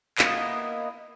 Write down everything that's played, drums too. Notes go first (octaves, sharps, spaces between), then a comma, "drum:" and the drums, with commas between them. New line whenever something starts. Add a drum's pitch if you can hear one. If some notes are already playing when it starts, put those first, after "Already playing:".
A#3 B3 E4 D#5, drum: clap